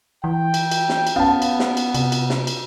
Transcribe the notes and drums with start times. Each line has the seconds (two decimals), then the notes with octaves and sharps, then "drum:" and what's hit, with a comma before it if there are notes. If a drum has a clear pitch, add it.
0.24 E3 G5
0.54 drum: cymbal
0.71 drum: cymbal
0.89 drum: snare
1.07 drum: cymbal
1.16 B3 C#4 F5 A5
1.42 drum: cymbal
1.59 drum: snare
1.77 drum: cymbal
1.95 C3, drum: cymbal
2.12 drum: cymbal
2.30 drum: snare
2.47 drum: cymbal